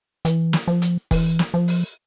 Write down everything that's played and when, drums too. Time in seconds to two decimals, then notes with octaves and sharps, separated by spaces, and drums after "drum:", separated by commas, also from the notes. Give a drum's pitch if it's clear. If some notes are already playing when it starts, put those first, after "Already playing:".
0.25 E3, drum: hi-hat
0.53 drum: snare
0.68 F3
0.82 drum: hi-hat
1.11 E3, drum: kick F1, open hi-hat
1.39 drum: snare
1.54 F3
1.68 drum: open hi-hat